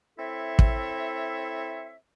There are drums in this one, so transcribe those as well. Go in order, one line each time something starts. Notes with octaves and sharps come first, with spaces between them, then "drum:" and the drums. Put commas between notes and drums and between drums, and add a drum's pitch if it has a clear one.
C4 E4 A4 C#5 E5
drum: kick